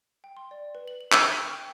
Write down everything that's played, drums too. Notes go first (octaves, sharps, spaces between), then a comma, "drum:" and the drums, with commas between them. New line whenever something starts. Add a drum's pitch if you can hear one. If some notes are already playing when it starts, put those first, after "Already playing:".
G5
C6
D5
B4
F#7
F#7
A5, drum: clap
G5
C#6
G5